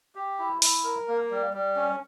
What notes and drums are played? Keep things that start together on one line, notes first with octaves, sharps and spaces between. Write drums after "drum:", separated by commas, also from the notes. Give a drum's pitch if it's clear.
G4
E4
E4, drum: open hi-hat
A#4
A#3
G3
G3
C#4